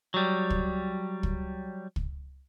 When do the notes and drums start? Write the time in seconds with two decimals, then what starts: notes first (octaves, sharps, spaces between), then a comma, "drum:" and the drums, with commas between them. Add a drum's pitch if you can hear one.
0.14 F#3 G3
0.50 drum: kick
1.23 drum: kick
1.96 drum: kick